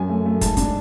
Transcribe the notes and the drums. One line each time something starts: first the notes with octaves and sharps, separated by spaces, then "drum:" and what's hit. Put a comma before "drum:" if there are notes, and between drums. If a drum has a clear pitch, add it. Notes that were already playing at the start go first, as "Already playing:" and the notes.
Already playing: F#2 G#5
A3
A3
G#2 A5, drum: kick, hi-hat
D4, drum: kick, hi-hat